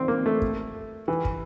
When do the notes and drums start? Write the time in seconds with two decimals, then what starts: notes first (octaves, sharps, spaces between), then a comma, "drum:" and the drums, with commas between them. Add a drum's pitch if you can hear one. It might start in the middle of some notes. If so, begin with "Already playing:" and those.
Already playing: C4
0.08 A#3
0.26 A3
0.42 drum: kick
1.08 E3
1.25 drum: kick